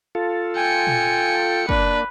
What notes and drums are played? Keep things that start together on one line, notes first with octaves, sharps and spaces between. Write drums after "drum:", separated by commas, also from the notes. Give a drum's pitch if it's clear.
F4 A4
G5 G#5 C#7
drum: tom A#2
A#3 D4 B4, drum: kick